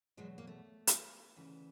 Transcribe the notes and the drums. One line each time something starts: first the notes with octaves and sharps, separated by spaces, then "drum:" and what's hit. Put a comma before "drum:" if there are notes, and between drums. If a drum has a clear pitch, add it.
E2 B2 F#3 G#3
A#3
A3
drum: hi-hat
D2 C#3 E3